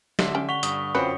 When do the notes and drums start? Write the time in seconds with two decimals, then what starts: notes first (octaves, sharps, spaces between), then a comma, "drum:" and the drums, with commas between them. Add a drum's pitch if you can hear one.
0.19 D3 E5 C6, drum: snare
0.35 C#4 G4 G5
0.49 F#5 C#6 B6 F7 G7
0.63 G2 D#6, drum: hi-hat
0.95 F#2 E3 C4 F4 B4 C5 G5 C#7